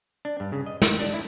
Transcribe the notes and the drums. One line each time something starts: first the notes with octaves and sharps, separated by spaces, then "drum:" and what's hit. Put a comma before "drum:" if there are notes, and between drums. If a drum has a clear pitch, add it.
D4
G2
C#3
D#5
D#3, drum: snare
D4
E4